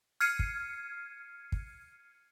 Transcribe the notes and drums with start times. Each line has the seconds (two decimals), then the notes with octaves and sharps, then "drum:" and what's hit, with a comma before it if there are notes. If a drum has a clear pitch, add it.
0.20 F6 G#6 C7 C#7 D#7
0.39 drum: kick
1.52 drum: kick